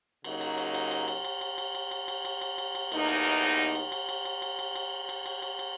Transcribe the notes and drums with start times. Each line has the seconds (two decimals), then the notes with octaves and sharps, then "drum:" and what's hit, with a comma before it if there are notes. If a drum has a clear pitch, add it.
0.24 C#3 F#3 A#3 D#4, drum: cymbal
0.41 drum: cymbal
0.58 drum: cymbal
0.74 drum: cymbal
0.91 drum: cymbal
1.08 drum: cymbal
1.24 drum: cymbal
1.41 drum: cymbal
1.58 drum: cymbal
1.75 drum: cymbal
1.91 drum: cymbal
2.08 drum: cymbal
2.25 drum: cymbal
2.41 drum: cymbal
2.58 drum: cymbal
2.75 drum: cymbal
2.92 E2 B2 A#3 D#4, drum: cymbal
3.08 drum: cymbal
3.25 drum: cymbal
3.42 drum: cymbal
3.58 drum: cymbal
3.75 drum: cymbal
3.92 drum: cymbal
4.09 drum: cymbal
4.25 drum: cymbal
4.42 drum: cymbal
4.59 drum: cymbal
4.75 drum: cymbal
5.09 drum: cymbal
5.26 drum: cymbal
5.42 drum: cymbal
5.59 drum: cymbal